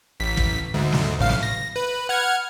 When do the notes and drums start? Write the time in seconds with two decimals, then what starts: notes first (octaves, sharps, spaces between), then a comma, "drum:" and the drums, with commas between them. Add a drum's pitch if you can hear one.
0.20 A1 B6
0.37 drum: kick
0.74 D2 G#2
0.92 drum: snare
1.19 A1 A2 F5
1.29 drum: snare
1.43 A#6
1.76 B4
2.09 F#5 F6 G#6